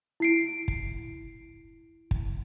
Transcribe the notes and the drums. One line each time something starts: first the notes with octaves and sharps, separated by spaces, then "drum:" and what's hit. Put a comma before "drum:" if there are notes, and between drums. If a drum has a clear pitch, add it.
E4 C7 D7
drum: kick
drum: kick